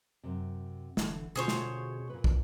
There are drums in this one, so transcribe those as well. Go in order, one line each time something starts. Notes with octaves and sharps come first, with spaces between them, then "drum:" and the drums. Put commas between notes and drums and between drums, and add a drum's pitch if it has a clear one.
F#2 C3
F1 D3 E3, drum: snare
D2 B2 C#4 F4 G#4 C5 C#5
drum: snare
A#2 B4
drum: kick